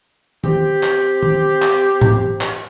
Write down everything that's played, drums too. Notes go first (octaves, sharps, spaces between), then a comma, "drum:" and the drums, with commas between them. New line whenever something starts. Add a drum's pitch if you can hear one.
C4 G4, drum: tom D#3
drum: clap
drum: tom D#3
drum: clap
drum: tom G#2
drum: clap